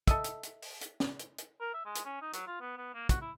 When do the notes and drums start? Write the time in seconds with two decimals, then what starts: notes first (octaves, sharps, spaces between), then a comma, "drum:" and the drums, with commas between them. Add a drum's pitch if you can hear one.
0.08 A4 D#5 E5, drum: kick, hi-hat
0.24 drum: hi-hat
0.43 drum: hi-hat
0.62 drum: open hi-hat
0.81 drum: hi-hat
1.00 drum: snare
1.19 drum: hi-hat
1.38 drum: hi-hat
1.60 A#4
1.74 E5
1.85 G#3
1.95 drum: hi-hat
2.05 C#4
2.21 D#4
2.33 F#3, drum: hi-hat
2.47 F4
2.61 B3
2.77 B3
2.94 A#3
3.09 F#4, drum: kick, hi-hat
3.21 E4